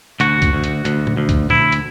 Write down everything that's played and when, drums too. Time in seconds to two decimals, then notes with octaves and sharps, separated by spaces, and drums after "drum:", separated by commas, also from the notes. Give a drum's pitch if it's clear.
0.20 D2 F#4, drum: hi-hat
0.42 drum: kick C2, hi-hat
0.53 D2
0.64 drum: hi-hat
0.85 D2, drum: hi-hat
1.07 drum: tom A#2
1.17 D2
1.29 drum: kick C2, hi-hat
1.50 D2 E4, drum: tom A#2
1.72 drum: hi-hat